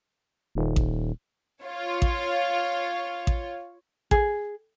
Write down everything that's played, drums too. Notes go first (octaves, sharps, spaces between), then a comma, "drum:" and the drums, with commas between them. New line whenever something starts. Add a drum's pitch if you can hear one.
D#1
drum: kick A1
F4 C#5
drum: kick A1
drum: kick A1
G#4, drum: kick A1